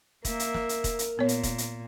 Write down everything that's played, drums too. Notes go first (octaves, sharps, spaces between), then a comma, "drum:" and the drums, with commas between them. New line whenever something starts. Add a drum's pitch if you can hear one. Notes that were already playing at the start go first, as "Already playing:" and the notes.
A#3 A#4 E5, drum: kick E1, hi-hat
drum: hi-hat
drum: snare
drum: hi-hat
drum: kick E1, hi-hat
drum: hi-hat
A#2 B3 C#5
drum: hi-hat
drum: kick E1, hi-hat
drum: hi-hat